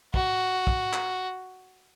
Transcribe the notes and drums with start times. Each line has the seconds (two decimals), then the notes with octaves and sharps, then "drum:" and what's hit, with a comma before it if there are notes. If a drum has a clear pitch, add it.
0.14 F#4, drum: kick
0.67 drum: kick
0.93 drum: clap